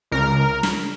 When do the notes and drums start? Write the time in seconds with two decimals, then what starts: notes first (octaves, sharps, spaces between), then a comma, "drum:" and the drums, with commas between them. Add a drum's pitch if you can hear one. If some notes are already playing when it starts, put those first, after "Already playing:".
0.11 C#2 A#4
0.63 drum: snare